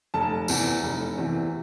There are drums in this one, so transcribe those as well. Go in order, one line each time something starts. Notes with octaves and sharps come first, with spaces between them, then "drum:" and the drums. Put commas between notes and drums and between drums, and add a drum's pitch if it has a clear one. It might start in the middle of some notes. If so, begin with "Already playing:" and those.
F1 A5
E2 C3 E3, drum: tambourine
F1
E2 C3 E3